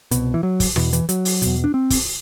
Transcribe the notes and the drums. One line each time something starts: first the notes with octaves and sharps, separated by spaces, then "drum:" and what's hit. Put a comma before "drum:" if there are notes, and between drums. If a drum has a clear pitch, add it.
C2 B2, drum: hi-hat
E3
F#3
drum: kick, open hi-hat
E2 B2 E3, drum: rim click
E3, drum: hi-hat
F#3, drum: hi-hat
drum: open hi-hat
E2 B2, drum: hi-hat
D4
C4
drum: kick, open hi-hat